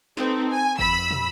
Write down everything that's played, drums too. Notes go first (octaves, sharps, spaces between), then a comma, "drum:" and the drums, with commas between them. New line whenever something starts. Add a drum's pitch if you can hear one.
C4 D#4 A4 B4, drum: snare
G#5
F2 B5 E6, drum: kick G1
drum: tom